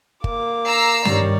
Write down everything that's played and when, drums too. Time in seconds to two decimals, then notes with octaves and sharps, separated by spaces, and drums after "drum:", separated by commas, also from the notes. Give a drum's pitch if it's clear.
0.24 A#3 D6, drum: kick
0.67 A#5 E6 C7
1.05 G2 D#3 G3 C#5 D5, drum: snare